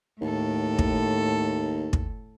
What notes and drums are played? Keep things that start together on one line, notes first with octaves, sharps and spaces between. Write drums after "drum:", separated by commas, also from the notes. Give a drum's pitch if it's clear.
D#2 A2 A4
drum: kick
drum: kick